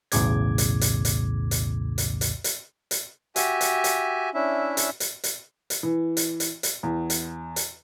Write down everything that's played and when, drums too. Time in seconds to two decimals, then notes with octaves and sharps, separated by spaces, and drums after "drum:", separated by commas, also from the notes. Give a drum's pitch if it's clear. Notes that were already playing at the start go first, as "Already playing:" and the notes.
0.12 B1 E2 A2 C#3 D6 G#6, drum: hi-hat
0.58 drum: hi-hat
0.81 drum: hi-hat
1.05 drum: hi-hat
1.51 drum: hi-hat
1.98 drum: hi-hat
2.21 drum: hi-hat
2.44 drum: hi-hat
2.91 drum: hi-hat
3.36 F#4 G4 E5 G#5, drum: hi-hat
3.61 drum: hi-hat
3.84 drum: hi-hat
4.34 C#4 D4 E4 E5
4.77 drum: hi-hat
5.00 drum: hi-hat
5.24 drum: hi-hat
5.70 drum: hi-hat
5.83 E3
6.17 drum: hi-hat
6.40 drum: hi-hat
6.63 drum: hi-hat
6.83 E2
7.10 drum: hi-hat
7.56 drum: hi-hat